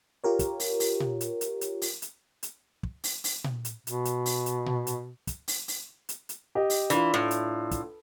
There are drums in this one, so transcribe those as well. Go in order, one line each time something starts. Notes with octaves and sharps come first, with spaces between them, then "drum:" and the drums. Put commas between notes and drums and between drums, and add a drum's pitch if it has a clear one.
F4 G4 A#4 C#5
drum: kick, hi-hat
drum: open hi-hat
drum: open hi-hat
drum: tom A#2
drum: hi-hat
drum: hi-hat
drum: hi-hat
drum: open hi-hat
drum: hi-hat
drum: hi-hat
drum: kick
drum: open hi-hat
drum: open hi-hat
drum: tom A#2
drum: hi-hat
B2, drum: hi-hat
drum: hi-hat
drum: open hi-hat
drum: hi-hat
drum: tom A#2
drum: hi-hat
drum: kick, hi-hat
drum: open hi-hat
drum: open hi-hat
drum: hi-hat
drum: hi-hat
G4 D#5
drum: open hi-hat
E3 D4 F4, drum: hi-hat
A2
drum: hi-hat
drum: kick, hi-hat